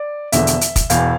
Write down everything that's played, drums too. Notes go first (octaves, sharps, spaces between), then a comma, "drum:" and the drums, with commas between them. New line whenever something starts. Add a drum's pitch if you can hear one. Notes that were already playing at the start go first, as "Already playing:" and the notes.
Already playing: D5
E1 E2 D3 F3 E5, drum: hi-hat
drum: hi-hat
drum: hi-hat
drum: kick, hi-hat
E1 E2 E3 F5, drum: hi-hat